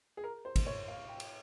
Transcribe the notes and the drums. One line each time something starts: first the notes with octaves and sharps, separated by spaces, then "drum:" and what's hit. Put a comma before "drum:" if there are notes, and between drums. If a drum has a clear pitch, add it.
G#4
A#4
C5
drum: kick, cymbal
C#5
F5
G5
drum: cymbal